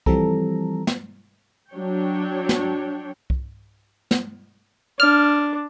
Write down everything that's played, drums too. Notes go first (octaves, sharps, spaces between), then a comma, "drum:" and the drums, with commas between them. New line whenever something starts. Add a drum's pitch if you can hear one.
E3 F3 G3 C4 A4 A#5, drum: kick C2
drum: snare
F#3 D4 C#5 G5
drum: snare
drum: kick C2
drum: snare
D4 F6